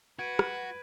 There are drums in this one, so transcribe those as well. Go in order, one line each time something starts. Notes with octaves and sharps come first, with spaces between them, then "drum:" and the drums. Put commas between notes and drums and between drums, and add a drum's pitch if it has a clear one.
F#4 B4 G#6 D7 D#7
drum: rim click